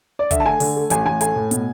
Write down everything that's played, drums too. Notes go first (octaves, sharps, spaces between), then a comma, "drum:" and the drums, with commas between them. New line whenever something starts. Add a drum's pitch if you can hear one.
D5
D3 E5, drum: kick, hi-hat
A5
A3 G#5
D3, drum: open hi-hat
A3
A1 G#5, drum: hi-hat
A1 G#5
A3 G#5, drum: hi-hat
A2
B2, drum: hi-hat